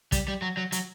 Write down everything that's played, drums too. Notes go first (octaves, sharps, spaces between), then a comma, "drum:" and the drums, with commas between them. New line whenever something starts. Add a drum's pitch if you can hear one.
G3, drum: kick, hi-hat
G3
F#3
F#3
F#3, drum: hi-hat